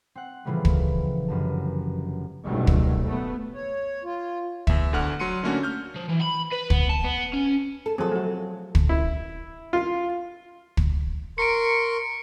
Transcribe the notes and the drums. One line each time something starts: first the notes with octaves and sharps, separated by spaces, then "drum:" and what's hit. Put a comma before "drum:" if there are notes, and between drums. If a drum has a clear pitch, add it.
C4 F#5
A#2 C#3 E3 F3 G3 A3
drum: kick
G1 F#2 A5
F#1 B1 G2 D#3 F#3 A3
drum: kick
A3 B3
C#5
F4
E2 E5, drum: kick
D2 D3 F#5 F6
F#3 C6 C#7 D#7
D3 A3 A#3 C#4 D4 F#4
F6 G6
F3
E3
B5
B4
B3, drum: kick
A5
B3
C#4
A4
F3 F#3 C4 G#4 A4
A3 F#4
drum: kick
E4
F4
drum: kick
A#4 C6 C#6 C#7 D7